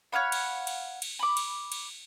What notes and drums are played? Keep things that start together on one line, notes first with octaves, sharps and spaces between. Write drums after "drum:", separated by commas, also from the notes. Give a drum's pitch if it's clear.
C#5 F5 F#5 B5
drum: cymbal
drum: cymbal
drum: cymbal
B5 D6
drum: cymbal
drum: cymbal